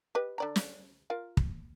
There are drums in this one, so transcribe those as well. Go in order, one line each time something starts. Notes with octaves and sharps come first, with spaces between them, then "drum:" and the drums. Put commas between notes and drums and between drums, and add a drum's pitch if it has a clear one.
G4 B4 D#5
D3 D5 A#5
drum: snare
F4 A#4 F5
drum: kick